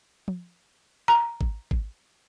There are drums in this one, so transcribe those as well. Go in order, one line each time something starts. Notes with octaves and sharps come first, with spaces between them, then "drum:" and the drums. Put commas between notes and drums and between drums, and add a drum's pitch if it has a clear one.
drum: tom
A#5
drum: kick
drum: kick